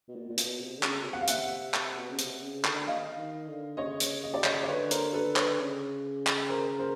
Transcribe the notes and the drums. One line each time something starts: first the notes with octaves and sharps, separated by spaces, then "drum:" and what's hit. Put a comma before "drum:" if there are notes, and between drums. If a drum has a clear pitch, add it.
B2
A#2
A#2
B2, drum: hi-hat
C3
D3
C#3, drum: clap
B2
C3
F#5
F5
E5 F#5, drum: hi-hat
drum: clap
B2
C#3
C3, drum: hi-hat
C3
C#3
D3, drum: clap
D#5 F5
D#3
D3
C#3 C#5 D#5
drum: hi-hat
D#5
D5
C#5 D#5, drum: clap
D5
D3 B4 C#5
A#4 C5, drum: hi-hat
A4 B4
B4 C#5, drum: clap
C#3
drum: clap
A#4 C5
A#4 C5